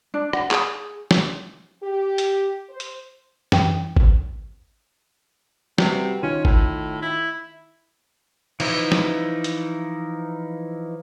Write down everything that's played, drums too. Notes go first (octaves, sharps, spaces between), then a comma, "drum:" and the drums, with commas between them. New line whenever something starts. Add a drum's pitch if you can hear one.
D4
F#5, drum: rim click
G#4, drum: clap
drum: snare
G4
drum: hi-hat
C5
drum: hi-hat
F#2 E3 G5, drum: snare
drum: kick G#1
C3 G3 F#4 B4, drum: snare
D#3 C#4 F4 D#7
A2, drum: kick G#1
E4
E3 F3 D#4 E4, drum: cymbal
drum: snare
drum: hi-hat